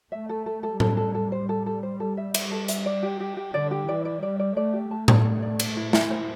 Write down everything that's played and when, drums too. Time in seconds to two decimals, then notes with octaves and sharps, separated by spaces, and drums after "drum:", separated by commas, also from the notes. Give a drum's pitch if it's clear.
0.12 A3 E5
0.29 A4
0.46 A4
0.63 A4
0.80 G3 A4, drum: tom A2
0.97 A4
1.15 A4
1.32 C5
1.49 A4
1.66 A4
1.83 C5
2.00 A4
2.17 E5
2.34 E5, drum: cymbal
2.51 A4
2.68 E5, drum: hi-hat
2.86 D5
3.03 G4
3.20 G4
3.37 G4
3.54 D3 D5
3.71 G4
3.88 E3 D5
4.05 D5
4.22 G3 D5
4.39 D5
4.57 A3 D5
4.73 G4
4.91 A3 A5
5.08 A5, drum: tom A2
5.25 D5
5.42 D5
5.59 C5, drum: cymbal
5.76 E4
5.93 E4, drum: snare
6.10 C5